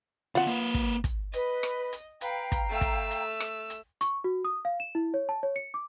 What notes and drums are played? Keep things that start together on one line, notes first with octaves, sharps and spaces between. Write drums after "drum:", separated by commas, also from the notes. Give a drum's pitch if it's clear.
D3 C4 F4 F#5
A#3 B4, drum: hi-hat
drum: kick
drum: kick, hi-hat
B4 D#5, drum: hi-hat
drum: rim click
drum: hi-hat
B4 F5 G5 A#5, drum: hi-hat
drum: kick, hi-hat
A3 E6
drum: kick, hi-hat
drum: hi-hat
drum: rim click
drum: hi-hat
C#6, drum: hi-hat
F#4
D#6
F5
E7
E4
C#5
A5
C#5
C#7
D6